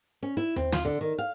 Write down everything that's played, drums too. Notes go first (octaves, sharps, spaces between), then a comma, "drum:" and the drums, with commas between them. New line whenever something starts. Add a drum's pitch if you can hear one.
C#4
E4
C4, drum: tom D#2
F4, drum: snare
D3
D#3
F5